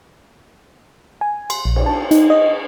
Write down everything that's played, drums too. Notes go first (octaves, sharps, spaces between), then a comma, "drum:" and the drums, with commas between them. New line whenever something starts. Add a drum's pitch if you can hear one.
G#5
C6, drum: cymbal
A#1
drum: cymbal
A5
D#4, drum: hi-hat
D#5